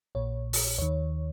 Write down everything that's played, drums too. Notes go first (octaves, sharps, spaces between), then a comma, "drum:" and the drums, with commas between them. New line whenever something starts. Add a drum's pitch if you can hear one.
A#1 A#2 C#5
drum: open hi-hat
D#2 D#3 C#5